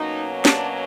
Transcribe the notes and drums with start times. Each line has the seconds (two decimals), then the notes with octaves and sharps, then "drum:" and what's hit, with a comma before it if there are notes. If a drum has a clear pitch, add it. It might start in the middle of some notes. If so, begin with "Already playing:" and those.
Already playing: B2 F#3 A#3 C#4 D#4
0.45 D4, drum: snare